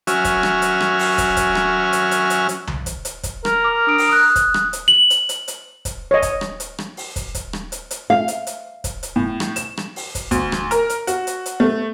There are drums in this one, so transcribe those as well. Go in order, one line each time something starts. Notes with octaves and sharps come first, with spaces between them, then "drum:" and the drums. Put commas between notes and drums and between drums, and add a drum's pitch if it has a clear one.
F#3 C#4 F#4 E5 G#5 F6, drum: hi-hat
drum: kick, hi-hat
drum: rim click
drum: hi-hat
drum: rim click
drum: open hi-hat
drum: kick, hi-hat
drum: kick, hi-hat
drum: rim click
drum: hi-hat
drum: hi-hat
drum: hi-hat
drum: hi-hat
drum: tom C2
drum: kick, hi-hat
drum: hi-hat
drum: kick, hi-hat
A#4, drum: rim click
D6 F6
D4 D#6 D7
drum: open hi-hat
D#6 F#6
drum: kick, hi-hat
drum: rim click
drum: hi-hat
F#7
drum: hi-hat
drum: hi-hat
drum: hi-hat
drum: kick, hi-hat
C#5 D#5
drum: kick, hi-hat
drum: rim click
drum: hi-hat
drum: rim click
drum: open hi-hat
drum: kick, hi-hat
drum: kick, hi-hat
drum: rim click
drum: hi-hat
drum: hi-hat
F5
drum: hi-hat
drum: hi-hat
drum: kick, hi-hat
drum: hi-hat
A2
drum: rim click
E7, drum: hi-hat
drum: rim click
drum: open hi-hat
drum: kick, hi-hat
D2, drum: kick, hi-hat
drum: rim click
A#4, drum: hi-hat
drum: hi-hat
F#4, drum: hi-hat
drum: hi-hat
drum: hi-hat
A3